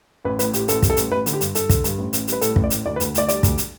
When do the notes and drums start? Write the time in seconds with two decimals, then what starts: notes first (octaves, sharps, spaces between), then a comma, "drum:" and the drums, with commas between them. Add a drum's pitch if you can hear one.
0.25 A1 B4
0.39 A2 B4, drum: hi-hat
0.53 A2 G4, drum: hi-hat
0.68 A1 A4, drum: hi-hat
0.82 G3, drum: kick, hi-hat
0.90 A4
0.97 A1, drum: hi-hat
1.12 A1 B4
1.26 D3, drum: hi-hat
1.33 G4
1.41 G2, drum: hi-hat
1.55 G2 A4, drum: hi-hat
1.70 D3, drum: kick, hi-hat
1.84 G2, drum: hi-hat
1.98 A1
2.13 A1, drum: hi-hat
2.28 G3 B4, drum: hi-hat
2.41 A2 A4, drum: hi-hat
2.56 A1, drum: kick
2.64 D5
2.70 A2, drum: hi-hat
2.86 D2 D5
2.96 B4
3.00 D2, drum: hi-hat
3.15 D2 D5, drum: hi-hat
3.28 G3 D5, drum: hi-hat
3.43 D2, drum: kick, hi-hat
3.58 drum: hi-hat